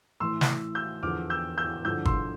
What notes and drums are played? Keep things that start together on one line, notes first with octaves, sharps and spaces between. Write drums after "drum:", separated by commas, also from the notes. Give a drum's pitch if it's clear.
A2 E3 C6 E6
drum: snare
E6 G6
E2 D3 F3 D6 F6
E6 G6
E6 G6
G2 D3 F3 E6 G6
C6 E6, drum: kick G1